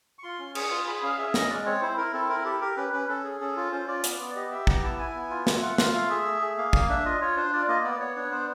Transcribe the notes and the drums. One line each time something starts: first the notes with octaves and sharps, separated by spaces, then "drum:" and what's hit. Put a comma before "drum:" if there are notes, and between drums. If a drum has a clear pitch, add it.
C#6
F4 C6
C#4
G#4 C#6, drum: cymbal
F4
G#4 B5
C#4 F5
G#4 E5
C#4 D#5, drum: snare
G#3 D5
C4 C#5
E4 C5
E4 A#4
C4 A4
E4 A#4
G4 A4
G4 A#4
C#4 B4
C#4 B4
C#4 A4
G#4
C#4 A4
F4
C#4 C5
F4 D5
B3, drum: hi-hat
B3
G4 D#5
G4 E5
B3 A#5, drum: kick
E4 A5
E4 G#5
B3
F4
A3, drum: snare
F4 F#5
F4 F5, drum: snare
A3 F5
G#4 E5
A3
G#4
A#3 F5
A#3, drum: kick
D4 E5
F4 D#5
F4 C#5
D4 C5
F4 D5
A#3 D#5
B3 D5
B3 C#5
D4 C#5
B3 C5